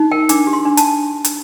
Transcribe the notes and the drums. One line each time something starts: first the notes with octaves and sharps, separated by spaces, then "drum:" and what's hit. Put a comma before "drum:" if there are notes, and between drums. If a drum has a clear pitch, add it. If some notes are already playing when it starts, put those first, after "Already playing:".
Already playing: D#4
A#4 G5
D4 D6, drum: hi-hat
G4
C6
D4
A5, drum: hi-hat
drum: hi-hat